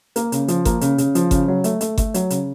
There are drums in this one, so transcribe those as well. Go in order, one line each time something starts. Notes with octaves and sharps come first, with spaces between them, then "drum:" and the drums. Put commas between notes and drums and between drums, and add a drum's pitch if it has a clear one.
A#3, drum: hi-hat
C#3, drum: hi-hat
F3, drum: hi-hat
A#3, drum: kick G1, hi-hat
C#3, drum: hi-hat
C#3, drum: hi-hat
F3, drum: hi-hat
C#3, drum: kick G1, hi-hat
F#3
A3, drum: hi-hat
A3, drum: hi-hat
A3, drum: kick G1, hi-hat
F#3, drum: hi-hat
C#3, drum: hi-hat